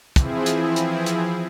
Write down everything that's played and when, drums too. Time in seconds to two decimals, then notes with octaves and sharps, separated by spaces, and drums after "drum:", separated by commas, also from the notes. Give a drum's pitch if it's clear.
0.16 E3 F3 C4 E4 G#4, drum: kick, hi-hat
0.46 drum: hi-hat
0.76 drum: hi-hat
1.06 drum: hi-hat